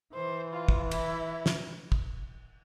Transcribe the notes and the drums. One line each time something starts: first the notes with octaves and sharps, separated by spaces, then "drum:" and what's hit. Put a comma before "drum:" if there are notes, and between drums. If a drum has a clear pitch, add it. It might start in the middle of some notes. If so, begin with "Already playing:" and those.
E3 C5
F4
drum: kick
E4, drum: cymbal
drum: snare
drum: kick